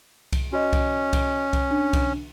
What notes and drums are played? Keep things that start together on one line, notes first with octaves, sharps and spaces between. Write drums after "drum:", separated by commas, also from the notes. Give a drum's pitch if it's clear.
drum: kick C2, cymbal
C#4 F#4 D#5
drum: kick C2, cymbal
drum: kick C2, cymbal
drum: kick C2, cymbal
D4
drum: kick C2, cymbal